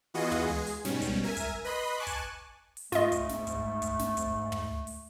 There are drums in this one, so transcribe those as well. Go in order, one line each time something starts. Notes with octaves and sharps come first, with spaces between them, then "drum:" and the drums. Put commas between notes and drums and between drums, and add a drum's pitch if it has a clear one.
E3 B3 F4 F#4 G#4 D#5
drum: tom
G#3 G#4
drum: open hi-hat
G#2 B2 G3 C#4, drum: snare
drum: kick, hi-hat
A#4 E5 G#5
drum: kick, hi-hat
B4 D#5 B5 C6
G#5 A5 C#6 D6 F#6
drum: kick, hi-hat
drum: open hi-hat
G#2 A3 F4 D#5, drum: snare
drum: kick, hi-hat
drum: snare
drum: kick, hi-hat
drum: kick, hi-hat
drum: snare
drum: kick, hi-hat
drum: tom
drum: open hi-hat